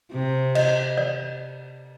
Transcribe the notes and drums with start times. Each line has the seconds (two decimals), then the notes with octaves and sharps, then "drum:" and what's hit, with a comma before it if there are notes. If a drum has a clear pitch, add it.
0.13 C3
0.55 D#5, drum: cymbal
0.98 D5